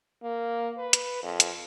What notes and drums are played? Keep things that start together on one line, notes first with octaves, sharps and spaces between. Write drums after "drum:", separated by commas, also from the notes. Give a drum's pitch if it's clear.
A#3
B4
drum: hi-hat
F2
drum: hi-hat